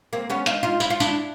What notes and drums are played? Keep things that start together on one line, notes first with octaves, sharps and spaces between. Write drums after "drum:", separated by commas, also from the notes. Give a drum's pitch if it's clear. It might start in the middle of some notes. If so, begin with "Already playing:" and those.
A#3 C4
B3 C#4
D#4 F4, drum: hi-hat
D#4 F4
E4, drum: tambourine
F4
D4 E4, drum: tambourine